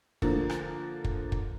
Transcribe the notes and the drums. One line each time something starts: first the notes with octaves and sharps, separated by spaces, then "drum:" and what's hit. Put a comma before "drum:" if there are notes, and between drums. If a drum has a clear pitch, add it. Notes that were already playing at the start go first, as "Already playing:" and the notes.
D3 F3 A#3, drum: kick
drum: rim click
drum: kick
drum: kick